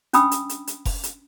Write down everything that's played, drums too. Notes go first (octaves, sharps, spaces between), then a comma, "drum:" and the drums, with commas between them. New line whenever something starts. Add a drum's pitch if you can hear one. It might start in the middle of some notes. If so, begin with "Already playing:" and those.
C#4 D4 G5 B5 D#6 E6, drum: hi-hat
drum: hi-hat
drum: hi-hat
drum: hi-hat
drum: kick F1, open hi-hat
drum: hi-hat